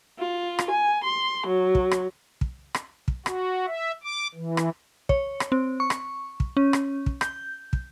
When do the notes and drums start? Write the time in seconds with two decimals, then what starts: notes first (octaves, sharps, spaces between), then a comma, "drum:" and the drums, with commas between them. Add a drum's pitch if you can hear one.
0.19 F4
0.59 drum: rim click
0.71 G#5
1.05 C6
1.47 F#3
1.75 drum: kick
1.91 drum: rim click
2.41 drum: kick
2.74 drum: rim click
3.08 drum: kick
3.26 F#4, drum: rim click
3.67 E5
4.04 D6
4.35 E3
4.57 drum: rim click
5.09 C#5, drum: kick
5.40 drum: rim click
5.52 C4
5.80 C#6
5.90 drum: rim click
6.40 drum: kick
6.57 C#4
6.73 drum: rim click
7.06 drum: kick
7.21 G6, drum: rim click
7.73 drum: kick